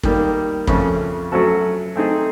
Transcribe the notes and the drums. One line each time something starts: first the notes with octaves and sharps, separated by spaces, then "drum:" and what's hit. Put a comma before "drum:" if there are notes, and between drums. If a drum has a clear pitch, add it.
D#3 G3 A#3, drum: kick
F2 C#3 F3 A3 C#4, drum: kick
F#3 A3 C#4 F#4 A4
A3 C4 D#4 G#4